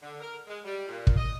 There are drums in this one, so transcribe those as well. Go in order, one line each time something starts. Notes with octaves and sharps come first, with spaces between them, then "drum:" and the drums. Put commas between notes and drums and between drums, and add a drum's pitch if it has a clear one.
D3
A#4
G#3
G3
A#2
drum: kick
D#5